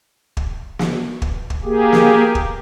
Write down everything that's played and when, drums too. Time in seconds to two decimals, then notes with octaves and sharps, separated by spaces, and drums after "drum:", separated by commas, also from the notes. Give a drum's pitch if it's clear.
0.37 drum: kick
0.79 drum: snare
1.22 drum: kick
1.50 drum: kick
1.64 A#3 G4 G#4
1.92 drum: snare
2.35 drum: kick